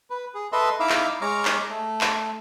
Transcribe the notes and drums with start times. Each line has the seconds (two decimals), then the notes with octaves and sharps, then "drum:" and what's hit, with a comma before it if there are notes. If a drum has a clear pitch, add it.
0.10 B4
0.34 G#4
0.52 A4 B4 D#5 E5 C6
0.80 D#4 E4 E5 F5 D6 E6
0.89 drum: clap
1.21 G#3 C#5 A#5 D6 F6
1.45 drum: clap
1.70 A3
2.01 drum: clap